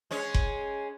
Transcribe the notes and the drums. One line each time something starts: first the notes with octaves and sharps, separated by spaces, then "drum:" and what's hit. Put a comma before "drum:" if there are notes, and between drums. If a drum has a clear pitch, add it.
G#3 C#4 C#5
drum: kick F#1